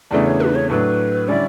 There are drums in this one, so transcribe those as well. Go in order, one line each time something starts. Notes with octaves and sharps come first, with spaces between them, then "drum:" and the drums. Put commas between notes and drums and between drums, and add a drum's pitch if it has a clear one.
E2 C#3 E3 A3 D4 D5
C#5
B4, drum: tom
C#5
A2 F#3 A3 D4 B4
D3 G3 C#4 E4 D5